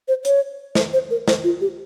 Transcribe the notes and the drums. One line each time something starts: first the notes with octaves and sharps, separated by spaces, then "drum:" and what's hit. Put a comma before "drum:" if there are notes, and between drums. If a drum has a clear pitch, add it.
C5
C#5, drum: hi-hat
C5, drum: snare
C5
A#4
C5, drum: snare
F4
G4